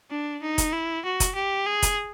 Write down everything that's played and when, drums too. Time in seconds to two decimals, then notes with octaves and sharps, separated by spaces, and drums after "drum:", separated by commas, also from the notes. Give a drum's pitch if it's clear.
0.10 D4
0.43 D#4
0.58 drum: kick F1, hi-hat
0.73 E4
1.05 F#4
1.20 drum: kick F1, hi-hat
1.35 G4
1.66 G#4
1.82 drum: kick F1, hi-hat